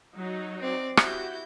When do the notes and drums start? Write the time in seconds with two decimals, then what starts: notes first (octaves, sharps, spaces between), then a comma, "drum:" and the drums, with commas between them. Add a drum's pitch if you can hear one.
0.15 F#3 D#4 F#4
0.60 C4 D5
0.97 E4 F#4 G4 G6, drum: rim click